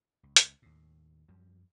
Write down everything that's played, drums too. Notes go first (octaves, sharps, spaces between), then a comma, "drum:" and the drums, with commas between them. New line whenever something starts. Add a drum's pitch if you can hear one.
C#2
drum: hi-hat
D#2 A2
F#2 F3 G3